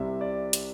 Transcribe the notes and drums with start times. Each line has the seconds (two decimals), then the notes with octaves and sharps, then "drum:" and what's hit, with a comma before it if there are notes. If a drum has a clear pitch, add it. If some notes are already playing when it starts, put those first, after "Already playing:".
Already playing: C2 C3 G3 E5
0.21 D5
0.53 drum: hi-hat